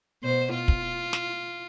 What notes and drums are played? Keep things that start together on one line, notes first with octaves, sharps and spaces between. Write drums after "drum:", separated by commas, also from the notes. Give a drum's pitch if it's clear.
B2 C5
F4
drum: kick
drum: snare